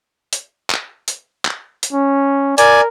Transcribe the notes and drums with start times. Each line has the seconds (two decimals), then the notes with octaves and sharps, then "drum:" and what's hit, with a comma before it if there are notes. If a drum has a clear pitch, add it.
0.33 drum: hi-hat
0.70 drum: clap
1.08 drum: hi-hat
1.45 drum: clap
1.83 drum: hi-hat
1.93 C#4
2.58 A#4 D5 G#5, drum: hi-hat